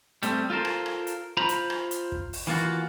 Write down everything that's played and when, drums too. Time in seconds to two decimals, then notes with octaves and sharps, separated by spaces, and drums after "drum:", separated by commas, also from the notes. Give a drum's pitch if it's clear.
0.23 G3 A3 C4, drum: hi-hat
0.50 F4 A4 A#4 C5
0.65 drum: rim click
0.86 drum: rim click
1.07 drum: hi-hat
1.37 F4 C5 A#5 B5
1.49 drum: hi-hat
1.70 drum: rim click
1.91 drum: hi-hat
2.12 drum: kick
2.33 drum: open hi-hat
2.47 E3 A#3 F4 F#4